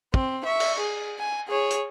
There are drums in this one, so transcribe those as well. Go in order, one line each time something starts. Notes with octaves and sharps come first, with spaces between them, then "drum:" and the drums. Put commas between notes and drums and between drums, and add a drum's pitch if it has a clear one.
C4, drum: kick
E5 C#6
drum: cymbal
G#4
G#5
G#4 C#5
drum: hi-hat